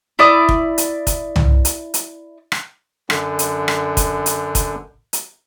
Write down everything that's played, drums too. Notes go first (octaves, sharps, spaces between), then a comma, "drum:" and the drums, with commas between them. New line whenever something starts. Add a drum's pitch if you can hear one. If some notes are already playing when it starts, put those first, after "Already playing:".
E4 D5 D6 D#6
drum: kick
drum: hi-hat
drum: kick, hi-hat
drum: tom C2
drum: hi-hat
drum: hi-hat
drum: rim click
F#2 D3, drum: rim click
drum: hi-hat
drum: rim click
drum: kick, hi-hat
drum: hi-hat
drum: kick, hi-hat
drum: hi-hat